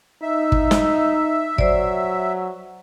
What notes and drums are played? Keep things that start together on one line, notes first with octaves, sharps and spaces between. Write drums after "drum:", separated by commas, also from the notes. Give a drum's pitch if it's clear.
D#4 E5
drum: kick
drum: snare
F#3 C5 D5, drum: kick